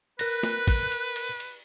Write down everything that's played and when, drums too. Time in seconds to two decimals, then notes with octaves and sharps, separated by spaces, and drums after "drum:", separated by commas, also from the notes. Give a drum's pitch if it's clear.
0.19 A#4 B4 F#6 A#6, drum: cymbal
0.43 drum: snare
0.68 drum: kick, cymbal
0.92 drum: cymbal
1.16 drum: cymbal
1.40 drum: cymbal